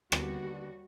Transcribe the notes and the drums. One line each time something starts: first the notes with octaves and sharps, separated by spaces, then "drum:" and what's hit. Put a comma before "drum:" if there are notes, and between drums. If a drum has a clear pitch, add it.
D#2 D3 G3 B3 D4 F#4, drum: rim click